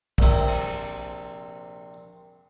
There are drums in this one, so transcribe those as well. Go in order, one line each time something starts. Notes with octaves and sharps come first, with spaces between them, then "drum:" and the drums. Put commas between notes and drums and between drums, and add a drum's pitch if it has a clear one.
A#1 C3, drum: kick
drum: cymbal